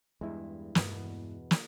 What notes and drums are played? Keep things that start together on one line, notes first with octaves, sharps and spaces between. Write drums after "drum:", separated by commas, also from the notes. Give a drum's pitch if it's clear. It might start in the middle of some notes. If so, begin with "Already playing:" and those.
E2 G2 G#3 E4
E2 G2 B2 B3, drum: snare
drum: snare